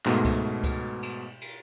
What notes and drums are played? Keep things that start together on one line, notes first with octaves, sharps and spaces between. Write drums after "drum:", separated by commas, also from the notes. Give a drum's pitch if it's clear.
G#2 B2 A3, drum: clap
drum: kick C#2, cymbal
drum: kick C#2, cymbal
drum: cymbal
drum: cymbal